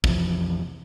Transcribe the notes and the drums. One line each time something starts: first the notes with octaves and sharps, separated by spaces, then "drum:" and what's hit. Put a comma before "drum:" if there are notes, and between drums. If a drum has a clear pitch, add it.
F2 C3 E3 F3, drum: kick